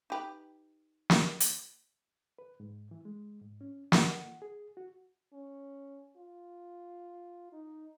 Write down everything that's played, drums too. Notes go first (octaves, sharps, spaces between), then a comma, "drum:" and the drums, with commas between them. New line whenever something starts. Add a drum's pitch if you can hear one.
D#4 G4 B4
drum: snare
drum: hi-hat
B4
G#2
E3
G#3
G#2
C#4
F#5, drum: snare
G#4
F#4
C#4
F4
D#4